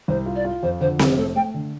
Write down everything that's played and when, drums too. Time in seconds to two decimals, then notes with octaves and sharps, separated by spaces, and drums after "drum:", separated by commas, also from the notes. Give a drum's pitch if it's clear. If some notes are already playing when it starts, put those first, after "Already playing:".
0.08 C2 C5
0.26 F4
0.36 D5
0.45 F4
0.63 F2 C5
0.81 D3 C5
0.99 F1 A4, drum: snare C4
1.18 A3 A4
1.35 A3 G5
1.54 D3